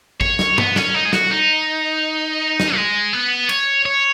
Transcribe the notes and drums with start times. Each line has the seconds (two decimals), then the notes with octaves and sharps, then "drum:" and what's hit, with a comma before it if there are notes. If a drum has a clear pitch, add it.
0.21 C#5, drum: kick
0.39 drum: snare
0.58 B3, drum: tom G2
0.76 C#4, drum: snare
0.94 D#4
1.05 G#4
1.13 F#4, drum: snare
1.31 D#4
2.60 drum: snare
2.76 G#3
3.13 B3
3.49 C#5, drum: cymbal
3.86 C#5